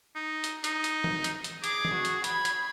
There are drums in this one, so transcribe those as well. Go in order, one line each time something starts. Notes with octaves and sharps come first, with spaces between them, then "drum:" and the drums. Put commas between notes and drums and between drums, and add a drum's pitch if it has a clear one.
D#4
drum: hi-hat
D#4, drum: hi-hat
drum: hi-hat
drum: tom
drum: hi-hat
drum: hi-hat
G#4 D6, drum: hi-hat
drum: tom
F#4
drum: hi-hat
B5 G#6, drum: hi-hat
drum: hi-hat